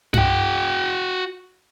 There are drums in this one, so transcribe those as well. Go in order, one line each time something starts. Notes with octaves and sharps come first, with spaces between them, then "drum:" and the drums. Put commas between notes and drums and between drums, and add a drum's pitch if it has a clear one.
F#4 G5, drum: tom G2